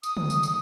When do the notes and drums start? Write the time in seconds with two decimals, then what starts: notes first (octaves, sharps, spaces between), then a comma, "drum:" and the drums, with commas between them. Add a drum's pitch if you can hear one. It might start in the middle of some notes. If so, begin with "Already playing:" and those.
0.03 D#6, drum: tambourine
0.17 drum: tom
0.30 drum: tambourine
0.43 drum: tambourine